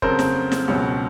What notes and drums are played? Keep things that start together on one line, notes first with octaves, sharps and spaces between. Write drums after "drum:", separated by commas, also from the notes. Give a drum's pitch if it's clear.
F2 C#3 F#3 A#4 C5, drum: kick
drum: snare
drum: snare
C#2 B2 F#3